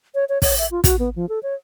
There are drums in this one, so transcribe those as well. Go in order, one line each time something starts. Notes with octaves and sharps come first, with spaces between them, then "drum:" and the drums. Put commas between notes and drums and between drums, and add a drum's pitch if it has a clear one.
C#5
C#5
C#5, drum: kick, open hi-hat
E5
F4
F#4, drum: kick, hi-hat
B3
F3
A4
C#5